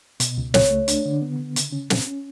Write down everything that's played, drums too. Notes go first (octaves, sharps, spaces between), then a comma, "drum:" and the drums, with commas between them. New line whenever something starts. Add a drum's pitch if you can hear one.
B2, drum: hi-hat
C#2
C#2 C#5, drum: snare
A3
D4, drum: hi-hat
D3
B3
D3
C#3, drum: hi-hat
C#4
C#4, drum: snare
C#4